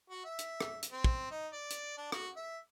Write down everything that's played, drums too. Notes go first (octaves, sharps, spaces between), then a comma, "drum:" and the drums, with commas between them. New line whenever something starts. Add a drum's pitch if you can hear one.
F#4
E5
drum: hi-hat
drum: rim click
drum: hi-hat
C4
drum: kick
D#4
D5
drum: hi-hat
D4
F#4, drum: rim click
E5